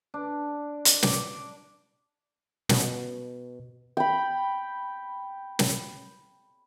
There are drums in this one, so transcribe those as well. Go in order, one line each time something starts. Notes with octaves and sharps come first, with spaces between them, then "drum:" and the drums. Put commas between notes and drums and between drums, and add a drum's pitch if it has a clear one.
D4
drum: hi-hat
D6, drum: snare
B2, drum: snare
G5 B5
drum: snare